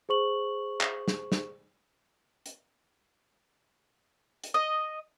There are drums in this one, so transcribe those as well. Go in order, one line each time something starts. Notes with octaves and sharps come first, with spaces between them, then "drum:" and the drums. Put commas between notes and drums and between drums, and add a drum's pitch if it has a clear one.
G#4 C5 C#6 F#7
drum: clap
drum: snare
drum: snare
drum: hi-hat
drum: hi-hat
D#5